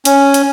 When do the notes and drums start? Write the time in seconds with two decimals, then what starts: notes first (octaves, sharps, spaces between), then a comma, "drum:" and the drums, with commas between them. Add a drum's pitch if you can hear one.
0.05 C#4, drum: hi-hat
0.34 drum: hi-hat